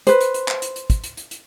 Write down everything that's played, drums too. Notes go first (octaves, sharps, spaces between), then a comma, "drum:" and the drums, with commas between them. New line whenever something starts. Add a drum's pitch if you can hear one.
B4 C5, drum: hi-hat
drum: hi-hat
drum: hi-hat
drum: clap
drum: hi-hat
drum: hi-hat
drum: kick, hi-hat
drum: hi-hat
drum: hi-hat
drum: hi-hat